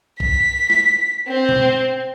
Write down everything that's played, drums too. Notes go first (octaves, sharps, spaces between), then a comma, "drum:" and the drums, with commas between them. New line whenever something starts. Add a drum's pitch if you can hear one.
B6, drum: kick B1
drum: snare
C4
drum: tom B2